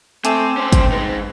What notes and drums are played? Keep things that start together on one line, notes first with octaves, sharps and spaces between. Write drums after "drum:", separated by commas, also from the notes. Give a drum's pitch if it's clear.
A3 C4 G#5 A5 D6, drum: hi-hat
C4 C#4 C5
drum: kick, hi-hat
G#3 D#4 B4